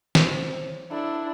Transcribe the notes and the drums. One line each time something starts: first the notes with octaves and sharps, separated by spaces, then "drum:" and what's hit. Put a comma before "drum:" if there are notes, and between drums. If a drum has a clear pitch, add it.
C3 C4, drum: snare
C#5 D5
D4 E4 A4